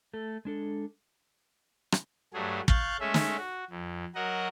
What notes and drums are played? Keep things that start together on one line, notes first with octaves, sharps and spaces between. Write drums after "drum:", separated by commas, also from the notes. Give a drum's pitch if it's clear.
A3 A4
G#3 D4 A4
drum: rim click
G2 F#3 A3 G#4
F5 C#6 F#6 G6 A6, drum: kick
G#3 A3 C#4 E5
drum: snare
F#4
F2
F#3 F#4 A#4 D#5 F#5